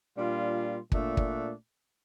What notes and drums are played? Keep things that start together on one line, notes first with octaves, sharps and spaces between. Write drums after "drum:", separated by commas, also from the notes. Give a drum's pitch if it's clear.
A#2 G3 D4 F4
A#2 A3 D4, drum: kick
drum: kick